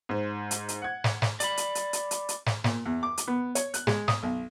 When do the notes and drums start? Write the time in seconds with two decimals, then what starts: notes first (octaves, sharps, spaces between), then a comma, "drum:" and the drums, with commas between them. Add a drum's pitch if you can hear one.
0.09 G#2 C5
0.51 drum: hi-hat
0.69 drum: hi-hat
0.82 F#5 G#6
1.04 drum: snare
1.22 drum: snare
1.40 D5 B5, drum: hi-hat
1.57 drum: hi-hat
1.75 drum: hi-hat
1.93 drum: hi-hat
2.11 drum: hi-hat
2.29 drum: hi-hat
2.46 drum: snare
2.64 A#2, drum: snare
2.86 E2
3.03 D6
3.18 drum: hi-hat
3.28 B3
3.55 C#5, drum: hi-hat
3.74 F#6, drum: hi-hat
3.87 G#3, drum: snare
4.08 D#6, drum: snare
4.23 B1